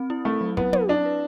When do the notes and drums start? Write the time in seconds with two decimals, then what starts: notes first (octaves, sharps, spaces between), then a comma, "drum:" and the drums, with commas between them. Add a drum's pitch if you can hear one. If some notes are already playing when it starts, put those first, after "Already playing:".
Already playing: C4
0.10 E4
0.25 A3 C4
0.41 F#3
0.57 B3 E4, drum: kick
0.73 F#3, drum: tom
0.89 D4 E4
1.05 B4